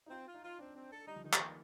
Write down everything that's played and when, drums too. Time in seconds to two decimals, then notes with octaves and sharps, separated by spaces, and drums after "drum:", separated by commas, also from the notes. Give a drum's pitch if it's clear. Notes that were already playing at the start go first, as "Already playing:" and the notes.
0.06 D#4
0.10 C4 F4
0.27 F4
0.34 D#4
0.43 F4
0.59 C4 D4
0.75 C4
0.91 A4
1.07 G3 D#4
1.16 F3
1.24 D#3 D#4
1.33 F3, drum: clap
1.40 A#3